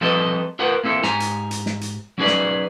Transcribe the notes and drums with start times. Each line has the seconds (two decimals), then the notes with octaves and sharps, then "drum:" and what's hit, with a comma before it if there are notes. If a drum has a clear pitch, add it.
0.01 F3 G3 C4 A4 B4 D#5
0.59 F4 A#4 B4 F#5
0.84 A#3 C4 E4 A4
1.03 G#2 G4 G#5 A#5, drum: snare
1.20 drum: hi-hat
1.51 drum: hi-hat
1.66 drum: snare
1.81 drum: hi-hat
2.18 F#3 C#4 D#4 G#4 B4 D5
2.27 drum: snare